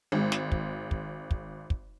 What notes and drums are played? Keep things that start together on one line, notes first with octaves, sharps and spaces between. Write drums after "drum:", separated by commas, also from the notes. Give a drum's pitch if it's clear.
G#1 G#3
drum: snare
drum: kick
drum: kick
drum: kick
drum: kick